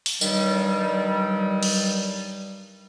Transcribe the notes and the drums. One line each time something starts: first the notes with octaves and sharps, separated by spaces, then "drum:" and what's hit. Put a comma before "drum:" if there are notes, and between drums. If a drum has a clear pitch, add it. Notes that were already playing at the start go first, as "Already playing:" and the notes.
drum: open hi-hat
G2 D#3 F#3 G3, drum: tambourine
drum: cymbal